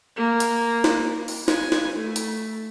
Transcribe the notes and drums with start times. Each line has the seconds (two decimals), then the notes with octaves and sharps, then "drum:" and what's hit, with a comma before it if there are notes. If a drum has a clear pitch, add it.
0.16 A#3
0.40 drum: hi-hat
0.84 drum: snare
1.28 drum: open hi-hat
1.48 G#5, drum: snare
1.72 drum: snare
1.94 A3
2.16 drum: hi-hat